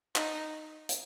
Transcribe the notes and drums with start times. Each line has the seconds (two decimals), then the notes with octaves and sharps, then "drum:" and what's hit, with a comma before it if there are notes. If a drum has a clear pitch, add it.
0.16 D#4, drum: clap
0.89 drum: hi-hat